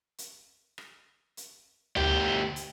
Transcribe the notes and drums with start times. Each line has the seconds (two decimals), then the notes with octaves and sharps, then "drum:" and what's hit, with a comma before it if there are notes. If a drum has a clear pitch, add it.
0.18 drum: hi-hat
0.78 drum: rim click
1.37 drum: hi-hat
1.97 D2 G4, drum: tom D2
2.56 drum: hi-hat